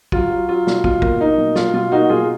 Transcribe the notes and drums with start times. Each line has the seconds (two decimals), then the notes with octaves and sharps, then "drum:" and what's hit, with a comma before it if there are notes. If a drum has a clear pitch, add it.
0.12 F#3 F4, drum: kick
0.31 F#3
0.49 F#3 F4
0.67 B2, drum: snare
0.84 B2 F4, drum: kick
1.02 A#3, drum: kick
1.20 A#3 D#4
1.38 B2
1.55 B2 F4, drum: snare
1.73 B2 F4
1.92 A#3 D#4 F#4
2.10 B2 F4 G#4